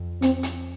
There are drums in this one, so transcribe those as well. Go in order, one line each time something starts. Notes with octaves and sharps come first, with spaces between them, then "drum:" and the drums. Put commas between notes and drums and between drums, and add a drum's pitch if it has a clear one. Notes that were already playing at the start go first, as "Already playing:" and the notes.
Already playing: F2
C4, drum: hi-hat
drum: hi-hat